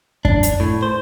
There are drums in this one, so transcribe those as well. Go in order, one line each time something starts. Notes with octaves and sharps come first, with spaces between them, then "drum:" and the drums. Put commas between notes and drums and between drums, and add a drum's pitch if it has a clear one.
D4, drum: kick F#2
drum: hi-hat
A2
C5